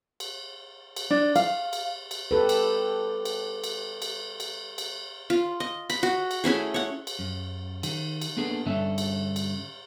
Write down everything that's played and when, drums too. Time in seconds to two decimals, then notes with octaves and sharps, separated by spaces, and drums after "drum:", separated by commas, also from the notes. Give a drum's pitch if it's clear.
0.20 drum: cymbal
0.96 drum: cymbal
1.11 D4
1.36 F5, drum: cymbal
1.73 drum: cymbal
2.11 drum: cymbal
2.31 G4 A4 B4
2.49 drum: cymbal
3.25 drum: cymbal
3.64 drum: cymbal
4.02 drum: cymbal
4.40 drum: cymbal
4.78 drum: cymbal
5.30 F4
5.60 D#5
5.90 B5, drum: cymbal
6.03 F#4
6.31 drum: cymbal
6.44 A3 C#4 E4 G#4
6.74 C#5 F#5
7.07 drum: cymbal
7.19 F#2
7.83 D#3, drum: cymbal
8.22 drum: cymbal
8.37 A#3 B3 D4 G#4 A4
8.66 G2 D3 C#4 A4 E5
8.98 drum: cymbal
9.36 drum: cymbal